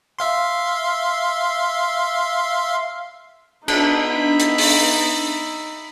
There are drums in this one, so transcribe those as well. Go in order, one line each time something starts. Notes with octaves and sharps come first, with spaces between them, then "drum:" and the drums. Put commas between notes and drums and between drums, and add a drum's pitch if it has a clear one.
E5 F5 C6
B3 D4 D#4 E5 B5, drum: cymbal
drum: hi-hat
drum: open hi-hat